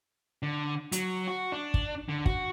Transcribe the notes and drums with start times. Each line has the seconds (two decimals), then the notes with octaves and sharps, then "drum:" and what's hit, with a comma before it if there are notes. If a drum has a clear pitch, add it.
0.43 D3
0.92 F#3, drum: hi-hat
1.27 F#4
1.52 D4
1.74 drum: kick
2.09 D3
2.26 F#4, drum: kick